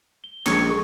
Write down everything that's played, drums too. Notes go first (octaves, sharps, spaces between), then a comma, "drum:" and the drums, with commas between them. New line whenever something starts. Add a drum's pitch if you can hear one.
G7
A#1 F3 G#3 C#4 C#6 G#6 C#7, drum: clap
G#4 A4 C#6